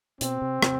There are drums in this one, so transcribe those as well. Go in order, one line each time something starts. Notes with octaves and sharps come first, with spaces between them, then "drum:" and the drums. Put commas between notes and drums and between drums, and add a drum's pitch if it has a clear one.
B2 C4, drum: hi-hat
C3
C3, drum: rim click